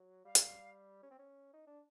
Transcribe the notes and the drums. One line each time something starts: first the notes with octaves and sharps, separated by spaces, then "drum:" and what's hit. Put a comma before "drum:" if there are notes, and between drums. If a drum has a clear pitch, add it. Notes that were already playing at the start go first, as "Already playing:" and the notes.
Already playing: F#3
G3 F5
drum: hi-hat
C#4
C4
C#4
D#4
D4